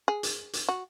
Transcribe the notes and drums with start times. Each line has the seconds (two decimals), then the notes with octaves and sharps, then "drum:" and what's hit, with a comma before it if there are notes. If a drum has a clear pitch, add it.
0.08 G#4
0.23 drum: hi-hat
0.53 drum: hi-hat
0.69 F#4